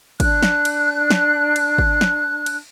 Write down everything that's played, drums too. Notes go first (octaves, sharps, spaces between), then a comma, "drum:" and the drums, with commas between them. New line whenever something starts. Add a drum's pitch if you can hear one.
D4 F#6, drum: kick, cymbal
drum: snare
drum: cymbal
drum: snare
drum: cymbal
drum: kick
drum: snare
drum: cymbal